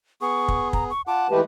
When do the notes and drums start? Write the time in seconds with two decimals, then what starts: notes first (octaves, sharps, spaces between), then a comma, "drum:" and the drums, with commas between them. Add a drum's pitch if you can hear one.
0.21 B3 G#4 C#6
0.48 drum: kick
0.73 A#5, drum: kick
0.90 C#6
1.07 F4 F#5 A5 D6
1.30 E3 G#3 A3 G4 B4